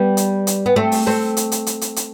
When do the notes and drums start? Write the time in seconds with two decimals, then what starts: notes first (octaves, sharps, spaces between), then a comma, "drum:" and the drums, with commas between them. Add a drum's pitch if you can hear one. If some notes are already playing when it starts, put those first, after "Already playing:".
Already playing: G3 B3
0.17 drum: hi-hat
0.47 drum: hi-hat
0.66 B3
0.76 A3 C4
0.92 drum: open hi-hat
1.06 A3 C4
1.37 drum: hi-hat
1.52 drum: hi-hat
1.66 drum: hi-hat
1.81 drum: hi-hat
1.96 drum: hi-hat